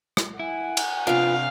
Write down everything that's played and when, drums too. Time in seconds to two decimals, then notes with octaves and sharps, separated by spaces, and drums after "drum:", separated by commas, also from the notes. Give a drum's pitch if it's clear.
0.17 drum: rim click
0.39 E4 F#5 G#5
0.77 drum: cymbal
1.07 C3 F3 B3 D4 F5